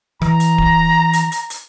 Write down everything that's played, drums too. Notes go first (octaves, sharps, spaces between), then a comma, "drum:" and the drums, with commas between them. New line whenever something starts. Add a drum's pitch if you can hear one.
E3 A#5, drum: rim click
drum: hi-hat
drum: kick D1
drum: hi-hat
drum: hi-hat
drum: hi-hat